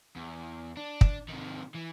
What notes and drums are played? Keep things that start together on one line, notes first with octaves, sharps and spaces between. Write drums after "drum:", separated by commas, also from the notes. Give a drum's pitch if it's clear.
E2
D4
drum: kick
C3 D#3
E3